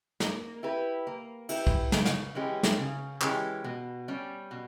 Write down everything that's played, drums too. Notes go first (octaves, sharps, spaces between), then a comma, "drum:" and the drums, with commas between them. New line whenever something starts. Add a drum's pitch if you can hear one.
A#3, drum: snare
E4 G4 B4
A#3
E4 G4 B4, drum: cymbal
drum: kick
C#3, drum: snare
drum: snare
E3 G#3 C#4 G4
drum: snare
C#3
E3 G#3 C#4 G4, drum: clap
B2
G3 C#4
B2